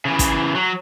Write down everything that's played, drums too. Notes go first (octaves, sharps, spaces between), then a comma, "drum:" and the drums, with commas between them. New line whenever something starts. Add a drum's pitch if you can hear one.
C#3 E3
drum: kick, hi-hat
F#3